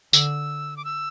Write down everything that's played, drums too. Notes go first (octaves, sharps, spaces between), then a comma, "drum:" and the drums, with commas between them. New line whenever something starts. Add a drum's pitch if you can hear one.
D3 E6, drum: tambourine
D6
E6